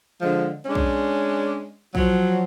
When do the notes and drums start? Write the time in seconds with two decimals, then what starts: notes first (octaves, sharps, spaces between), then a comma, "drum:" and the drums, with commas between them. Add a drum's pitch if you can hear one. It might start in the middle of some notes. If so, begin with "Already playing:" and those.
0.20 D3 F3 G#3
0.66 G#3 C#4 D4
0.75 drum: kick A#1
1.95 F3 F#3, drum: kick A#1